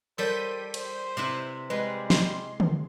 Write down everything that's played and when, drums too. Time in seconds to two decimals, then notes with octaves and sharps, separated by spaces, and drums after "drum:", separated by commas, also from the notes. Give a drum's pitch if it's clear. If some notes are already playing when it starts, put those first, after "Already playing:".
0.18 G3 A4 A#4 C5 C#5 G6 B6 D#7
0.74 C5, drum: cymbal
1.17 C3 E4 B4
1.70 G3 G#3 B4
2.10 C6, drum: snare
2.60 drum: tom D3